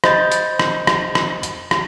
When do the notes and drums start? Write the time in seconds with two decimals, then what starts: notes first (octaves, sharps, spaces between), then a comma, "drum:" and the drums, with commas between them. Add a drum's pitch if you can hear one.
0.04 C5 D#5 B5 G6 A6, drum: rim click
0.32 drum: hi-hat
0.59 drum: rim click
0.87 drum: rim click
1.15 drum: rim click
1.43 drum: hi-hat
1.71 drum: rim click